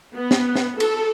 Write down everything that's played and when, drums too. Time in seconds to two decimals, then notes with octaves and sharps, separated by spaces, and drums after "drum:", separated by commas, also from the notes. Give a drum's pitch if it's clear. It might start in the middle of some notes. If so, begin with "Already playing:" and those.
0.15 B3
0.31 drum: snare
0.56 drum: snare
0.80 A4, drum: cymbal